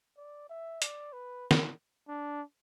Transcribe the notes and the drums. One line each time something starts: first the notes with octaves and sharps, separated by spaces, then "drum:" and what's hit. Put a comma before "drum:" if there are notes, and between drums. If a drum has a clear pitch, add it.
D5
E5
D5, drum: hi-hat
B4
drum: snare
D4